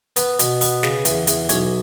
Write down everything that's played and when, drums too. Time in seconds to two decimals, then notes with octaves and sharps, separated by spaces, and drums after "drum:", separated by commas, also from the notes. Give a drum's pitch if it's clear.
0.16 B3 B4, drum: hi-hat
0.39 B2, drum: hi-hat
0.61 B3, drum: open hi-hat
0.83 C#3, drum: snare
1.05 E2, drum: hi-hat
1.27 E2, drum: hi-hat
1.49 B1 C#4 C#5, drum: hi-hat